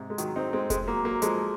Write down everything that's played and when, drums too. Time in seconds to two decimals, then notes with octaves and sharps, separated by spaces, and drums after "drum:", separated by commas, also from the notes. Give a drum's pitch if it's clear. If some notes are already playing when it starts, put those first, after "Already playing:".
Already playing: G#2 C3
0.10 G#3
0.18 D#3 F#3, drum: hi-hat
0.36 C4 D#4
0.53 G#3 C4
0.70 G#3 C4, drum: kick F1, hi-hat
0.88 F#3 A#3
1.05 F#3 A#3
1.22 F3 G#3, drum: hi-hat